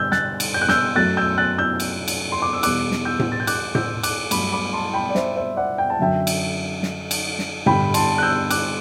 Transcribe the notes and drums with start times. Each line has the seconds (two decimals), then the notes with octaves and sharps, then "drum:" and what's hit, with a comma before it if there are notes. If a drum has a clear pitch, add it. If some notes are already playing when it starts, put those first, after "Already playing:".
Already playing: G2 D3 G3 E6 G6
0.12 F#6 A6, drum: snare
0.40 drum: cymbal
0.54 G6
0.62 F#6
0.69 E6 G6, drum: snare
0.95 F#2 F#3 A3 F#6 A6
1.17 E6 G6
1.38 F#6 A6
1.58 E6 G6
1.80 drum: cymbal
2.08 drum: cymbal
2.32 C6
2.42 D6
2.53 E6
2.63 E2 B2 G3 D6 F#6, drum: cymbal
2.91 drum: snare
3.05 E6 G6
3.19 drum: tom A2
3.32 A6
3.40 G6
3.47 D6 F#6, drum: cymbal
3.75 E6 G6, drum: tom A2
4.03 D6 F#6, drum: cymbal
4.31 G2 F#3 A3 B5 D6, drum: cymbal
4.52 B5 D6
4.73 A5 C6
4.94 G5 B5
5.10 D5
5.15 C5 E5, drum: snare
5.36 C5 E5
5.57 D5 F#5
5.78 G5
5.90 A5
5.99 F#2 D3 F#3 E5 G5
6.27 drum: cymbal
6.83 drum: snare
7.11 drum: cymbal
7.39 drum: snare
7.66 G2 D3 G3 G5 B5, drum: tom A2
7.94 A5 C6, drum: cymbal
8.18 F#6
8.23 E6 G6
8.50 D6 F#6, drum: cymbal